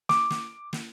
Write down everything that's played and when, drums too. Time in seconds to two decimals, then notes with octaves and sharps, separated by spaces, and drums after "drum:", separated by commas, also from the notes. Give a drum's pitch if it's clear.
0.09 D6, drum: snare
0.30 drum: snare
0.73 drum: snare